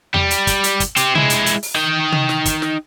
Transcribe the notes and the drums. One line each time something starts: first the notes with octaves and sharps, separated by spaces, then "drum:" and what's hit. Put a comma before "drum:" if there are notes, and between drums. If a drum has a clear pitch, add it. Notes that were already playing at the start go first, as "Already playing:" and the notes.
G3, drum: tom E2
drum: hi-hat
drum: kick, hi-hat
drum: hi-hat
drum: kick, hi-hat
C4 G4, drum: hi-hat
G#3 E4, drum: tom C3
drum: hi-hat
drum: hi-hat
drum: open hi-hat
D#4 G5
drum: tom C3
drum: snare
drum: kick, hi-hat
drum: snare